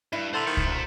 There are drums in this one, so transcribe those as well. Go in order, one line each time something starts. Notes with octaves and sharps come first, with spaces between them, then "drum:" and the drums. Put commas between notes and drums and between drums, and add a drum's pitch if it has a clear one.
G2 E4
D3 C5 A#5 C6 A6 F#7
D#3 C#7
drum: kick C2
D2